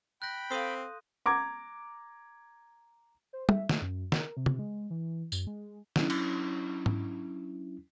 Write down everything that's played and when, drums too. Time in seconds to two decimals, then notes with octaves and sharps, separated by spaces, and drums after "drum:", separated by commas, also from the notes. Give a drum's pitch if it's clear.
0.22 G5 B5 F#6 G6 A#6
0.51 C4 A4 F5 C6 D#6 D#7
1.26 A#5 D6 G#6
3.33 C5
3.49 E5, drum: tom
3.69 A3, drum: snare
3.81 F#2
4.12 A#4, drum: snare
4.37 C3
4.46 drum: tom
4.59 G#3
4.90 E3
5.32 F#2, drum: tambourine
5.47 G#3
5.96 F#3 C#4 D4 E4, drum: snare
6.10 drum: cymbal
6.86 drum: tom G#2